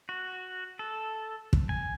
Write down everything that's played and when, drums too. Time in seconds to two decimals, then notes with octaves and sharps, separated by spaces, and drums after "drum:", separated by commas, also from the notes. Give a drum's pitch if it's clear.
0.09 F#4
0.79 A4
1.53 drum: kick
1.69 G#5